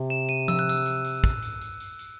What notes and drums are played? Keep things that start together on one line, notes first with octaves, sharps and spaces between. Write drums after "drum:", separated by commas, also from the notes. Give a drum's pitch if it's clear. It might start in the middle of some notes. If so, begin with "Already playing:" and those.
Already playing: C3
E7
D#7
E6, drum: tom F3
F#6
E6, drum: tambourine
drum: tambourine
drum: tambourine
drum: kick, tambourine
drum: tambourine
drum: tambourine
drum: tambourine
drum: tambourine